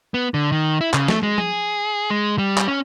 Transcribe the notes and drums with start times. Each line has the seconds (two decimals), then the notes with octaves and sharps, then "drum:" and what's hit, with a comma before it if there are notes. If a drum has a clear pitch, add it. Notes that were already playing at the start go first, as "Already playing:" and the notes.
0.14 B3
0.34 D3
0.52 D#3
0.81 E4
0.94 C#3, drum: clap
1.08 A3, drum: snare
1.23 G#3
1.38 G#4, drum: tom F3
2.10 G#3
2.38 G3
2.58 drum: clap
2.68 C#4